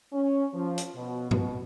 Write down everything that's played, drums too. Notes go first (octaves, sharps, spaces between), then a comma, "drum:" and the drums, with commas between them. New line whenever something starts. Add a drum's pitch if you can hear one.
C#4
F3
drum: hi-hat
B2
B2, drum: tom G2